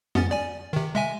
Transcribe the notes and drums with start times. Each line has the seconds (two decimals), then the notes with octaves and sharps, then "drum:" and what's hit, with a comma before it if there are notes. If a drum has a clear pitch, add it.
0.15 B3 C#4 A6, drum: tom F2
0.31 D5 G#5
0.73 C3 D#3
0.95 G#3 E5 G#5